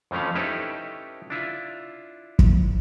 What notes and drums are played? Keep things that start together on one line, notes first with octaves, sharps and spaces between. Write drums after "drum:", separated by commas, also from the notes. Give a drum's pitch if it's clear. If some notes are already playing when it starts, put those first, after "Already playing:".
F2 E3 F3 A3 C#4 F5
C#4 D#4 E4 G4 A4 B4
D4 E4 F4
drum: kick